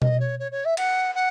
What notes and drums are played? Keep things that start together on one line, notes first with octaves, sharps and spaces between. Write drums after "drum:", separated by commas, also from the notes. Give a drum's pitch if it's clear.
D#5, drum: tom B2
C#5
C#5
C#5
E5
F#5, drum: cymbal
F#5